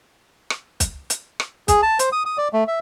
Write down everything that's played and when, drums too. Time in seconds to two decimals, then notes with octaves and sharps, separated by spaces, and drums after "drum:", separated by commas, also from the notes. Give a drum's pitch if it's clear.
0.50 drum: rim click
0.80 drum: kick, hi-hat
1.10 drum: hi-hat
1.40 drum: rim click
1.68 G#4, drum: kick, hi-hat
1.82 A5
1.99 C5, drum: hi-hat
2.12 D#6
2.26 D#6
2.38 D5
2.53 A3
2.68 E5